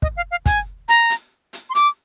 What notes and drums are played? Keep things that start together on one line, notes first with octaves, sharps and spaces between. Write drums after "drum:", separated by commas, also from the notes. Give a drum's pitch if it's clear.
D#5, drum: kick
F5
F5
G#5, drum: kick, hi-hat
A#5, drum: hi-hat
drum: hi-hat
drum: hi-hat
C6
D6, drum: hi-hat